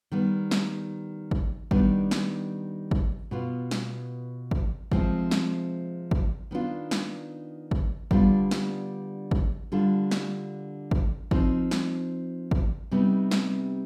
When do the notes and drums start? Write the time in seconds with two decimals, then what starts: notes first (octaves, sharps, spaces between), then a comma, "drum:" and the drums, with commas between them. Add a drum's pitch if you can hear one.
0.12 D#3 G3 B3
0.51 drum: snare
1.31 drum: kick G#1
1.71 D#3 G3 B3 D4, drum: kick G#1
2.11 drum: snare
2.91 drum: kick G#1
3.31 B2 B3 F4
3.71 drum: snare
4.51 drum: kick G#1
4.92 C3 F3 G#3 C4, drum: kick G#1
5.31 drum: snare
6.11 drum: kick G#1
6.51 D#3 B3 D4 F4
6.91 drum: snare
7.71 drum: kick G#1
8.11 D3 G3 B3 D4 F4, drum: kick G#1
8.51 drum: snare
9.31 drum: kick G#1
9.72 D3 G3 D4 F4
10.11 drum: snare
10.91 drum: kick G#1
11.31 F3 C4 D#4, drum: kick G#1
11.71 drum: snare
12.51 drum: kick G#1
12.91 C3 G3 B3 D#4
13.31 drum: snare